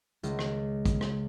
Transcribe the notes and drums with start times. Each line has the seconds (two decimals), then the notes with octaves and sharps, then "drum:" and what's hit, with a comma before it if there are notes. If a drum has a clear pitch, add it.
0.23 C#2, drum: hi-hat
0.39 drum: rim click
0.85 drum: kick, hi-hat
1.01 drum: rim click